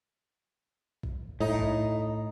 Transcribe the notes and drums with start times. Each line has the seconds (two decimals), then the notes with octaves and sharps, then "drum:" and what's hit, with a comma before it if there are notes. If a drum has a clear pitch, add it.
1.03 drum: kick
1.40 A2 D#4
1.59 drum: kick